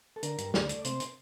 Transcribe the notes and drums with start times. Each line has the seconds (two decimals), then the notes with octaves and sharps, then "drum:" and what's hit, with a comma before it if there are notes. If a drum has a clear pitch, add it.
0.16 A4
0.23 D3 A#4, drum: hi-hat
0.38 G2, drum: hi-hat
0.54 D2 D5, drum: snare
0.69 A3, drum: hi-hat
0.84 C3 C5, drum: hi-hat
1.00 drum: hi-hat